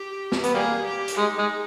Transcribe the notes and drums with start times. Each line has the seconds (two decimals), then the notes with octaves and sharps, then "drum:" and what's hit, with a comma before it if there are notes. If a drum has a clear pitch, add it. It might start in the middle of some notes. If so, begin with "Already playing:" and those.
Already playing: G4
0.32 drum: snare
0.43 B3, drum: hi-hat
0.54 G3 A#3 G#4
0.86 G4
1.08 drum: hi-hat
1.18 G#3 D#4
1.38 G#3